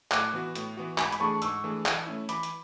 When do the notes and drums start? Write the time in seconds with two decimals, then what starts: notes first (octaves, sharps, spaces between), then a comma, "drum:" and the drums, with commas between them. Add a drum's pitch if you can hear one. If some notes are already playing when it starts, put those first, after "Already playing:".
0.11 A2 D6 F#6, drum: clap
0.33 E3 B3 F#4
0.55 A2, drum: hi-hat
0.77 E3 B3 F#4
0.98 G#2 G#5 B5, drum: clap
1.12 B5, drum: hi-hat
1.20 E3 A3 D4 G#4 A5 C#6
1.42 G#2 C#6 E6, drum: hi-hat
1.64 E3 A3 D4 G#4
1.86 E3, drum: clap
2.06 A3 C#4 E4
2.29 E3 B5 D6, drum: hi-hat
2.43 drum: hi-hat